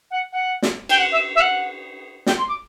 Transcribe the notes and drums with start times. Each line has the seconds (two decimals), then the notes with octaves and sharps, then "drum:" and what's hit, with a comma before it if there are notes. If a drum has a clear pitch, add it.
0.10 F#5
0.32 F#5
0.62 drum: snare
0.89 G5, drum: cymbal
0.97 F#5
1.11 E5
1.35 E5
1.40 F#5
2.26 G5, drum: snare
2.37 C6
2.48 D6